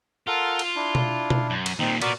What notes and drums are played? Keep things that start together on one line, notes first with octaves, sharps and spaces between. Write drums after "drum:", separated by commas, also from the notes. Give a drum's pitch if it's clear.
F4 A4 A#4 F#5
drum: cymbal
D4 E4
drum: tom B2
drum: tom B2
F#2
drum: cymbal
D#2 A#2 C4 D#4
A#2 B3 F#4 A#4 D5, drum: cymbal